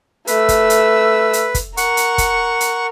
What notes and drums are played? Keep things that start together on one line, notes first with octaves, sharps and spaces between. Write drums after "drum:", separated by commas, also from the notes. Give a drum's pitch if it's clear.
A3 B4 E6, drum: hi-hat
drum: kick, hi-hat
drum: hi-hat
drum: hi-hat
drum: kick, hi-hat
A#4 F#5 C#6, drum: hi-hat
drum: hi-hat
drum: kick, hi-hat
drum: hi-hat